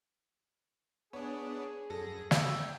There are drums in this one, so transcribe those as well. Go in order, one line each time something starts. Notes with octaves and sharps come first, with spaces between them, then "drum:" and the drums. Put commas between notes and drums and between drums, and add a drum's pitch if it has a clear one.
B3 D4 G#4 C#5
F#2 A4 A#6
E5 F#5 G5 G#6, drum: snare